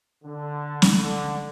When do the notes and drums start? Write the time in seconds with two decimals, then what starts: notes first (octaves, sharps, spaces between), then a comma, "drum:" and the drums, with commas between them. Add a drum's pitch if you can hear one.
0.24 D3
0.82 drum: snare
1.01 D3